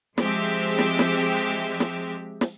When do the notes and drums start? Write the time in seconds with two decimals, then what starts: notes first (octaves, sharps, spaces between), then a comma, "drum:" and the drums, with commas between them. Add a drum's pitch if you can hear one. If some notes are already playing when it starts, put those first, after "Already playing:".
0.18 F3 G#3 C4 G4 E5, drum: snare
0.79 drum: snare
0.99 drum: snare
1.80 drum: snare
2.41 drum: snare